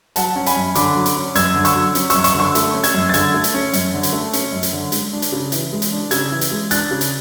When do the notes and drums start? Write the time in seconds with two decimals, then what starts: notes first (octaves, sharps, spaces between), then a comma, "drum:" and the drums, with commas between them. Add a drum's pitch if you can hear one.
0.16 F#3 F#5 A5, drum: hi-hat
0.36 C#4
0.46 G#5 B5, drum: hi-hat
0.56 F#2
0.75 D3 B5 D6, drum: hi-hat
0.95 F#3
1.06 drum: hi-hat
1.16 C#4
1.35 F#2 E6 G#6, drum: hi-hat
1.56 D3
1.65 C#6 E6, drum: hi-hat
1.75 F#3
1.95 C#4, drum: hi-hat
2.10 F#2 C#6 E6, drum: hi-hat
2.24 C#6 E6, drum: hi-hat
2.35 D3 C#6 E6
2.55 A3, drum: hi-hat
2.74 C#4
2.84 E6 G#6, drum: hi-hat
2.94 F#2
3.09 A6
3.14 D3 E6 G#6, drum: hi-hat
3.34 A3
3.44 drum: hi-hat
3.54 C#4
3.73 F#2, drum: hi-hat
3.94 D3
4.03 drum: hi-hat
4.13 A3
4.33 C#4, drum: hi-hat
4.52 F#2
4.63 drum: hi-hat
4.73 D3
4.92 G#3, drum: hi-hat
5.13 D4
5.22 drum: hi-hat
5.32 C#3
5.52 E3, drum: hi-hat
5.72 G#3
5.82 drum: hi-hat
5.92 D4
6.11 C#3 E6 G#6, drum: hi-hat
6.32 E3
6.41 drum: hi-hat
6.51 G#3
6.71 D4 F#6 A6, drum: hi-hat
6.91 C#3
7.01 drum: hi-hat